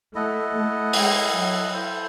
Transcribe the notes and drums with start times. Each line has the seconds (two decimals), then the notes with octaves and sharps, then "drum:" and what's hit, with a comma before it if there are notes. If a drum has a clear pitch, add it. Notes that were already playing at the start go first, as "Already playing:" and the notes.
0.14 A3 E4 A4 D#5 F#5
0.54 A3
0.93 G#3, drum: open hi-hat
1.32 F#3
1.72 E4 A4 C5